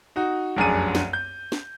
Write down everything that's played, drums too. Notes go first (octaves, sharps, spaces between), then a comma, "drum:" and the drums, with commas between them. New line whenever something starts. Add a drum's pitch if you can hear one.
D#4 F#4
F1 C2 F#2 D4 G#4 D#7
drum: snare
G6
drum: snare